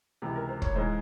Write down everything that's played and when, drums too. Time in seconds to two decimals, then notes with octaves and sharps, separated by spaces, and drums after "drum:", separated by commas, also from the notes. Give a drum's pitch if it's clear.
0.22 C#2 C3 E3
0.35 A#4
0.49 C5
0.62 C#5, drum: kick
0.75 G#2 E3 G#3 C5